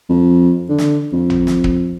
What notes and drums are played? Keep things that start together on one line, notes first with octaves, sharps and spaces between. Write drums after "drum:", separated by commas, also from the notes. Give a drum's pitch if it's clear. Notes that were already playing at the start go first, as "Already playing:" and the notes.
F2
D3
drum: snare
F2
drum: tom
drum: snare
drum: kick